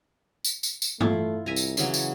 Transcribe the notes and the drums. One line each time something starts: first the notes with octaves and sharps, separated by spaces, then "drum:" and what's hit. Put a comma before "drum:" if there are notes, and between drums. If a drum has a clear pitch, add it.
drum: tambourine
drum: tambourine
drum: tambourine
A3 E4 F4, drum: tom G2
C2 E5 G#5 A#5
drum: tambourine
C#3 E3 F#3, drum: tambourine
drum: tambourine